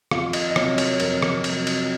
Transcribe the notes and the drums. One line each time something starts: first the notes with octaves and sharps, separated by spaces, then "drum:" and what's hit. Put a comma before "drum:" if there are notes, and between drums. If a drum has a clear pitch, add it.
F2 F4, drum: rim click
D#5, drum: cymbal
D#5
C3 F#3 C#5, drum: rim click
C#5, drum: cymbal
F2 A#4, drum: cymbal
drum: rim click
C3 F#3, drum: cymbal
drum: cymbal